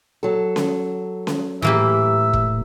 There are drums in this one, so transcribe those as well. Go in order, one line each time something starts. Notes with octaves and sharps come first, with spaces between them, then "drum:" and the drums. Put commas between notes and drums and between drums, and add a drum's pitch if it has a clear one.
F#3 A4
drum: snare C#4
drum: snare C#4
A2 E3 A#3 G4 E5
drum: kick E1